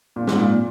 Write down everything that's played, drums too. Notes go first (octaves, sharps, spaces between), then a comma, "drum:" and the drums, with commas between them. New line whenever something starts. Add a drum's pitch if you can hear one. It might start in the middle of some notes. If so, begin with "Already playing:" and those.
A#2
G#2, drum: snare
A#2
A#2